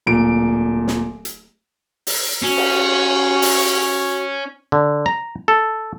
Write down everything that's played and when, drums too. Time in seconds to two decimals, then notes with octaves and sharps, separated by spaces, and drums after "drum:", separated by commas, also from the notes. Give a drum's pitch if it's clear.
0.06 D1 A#2 D7
0.88 drum: snare
1.25 drum: hi-hat
2.07 drum: open hi-hat
2.42 C#4 F#4
2.57 drum: cymbal
3.42 drum: open hi-hat
4.72 D3
5.06 A#5
5.48 A4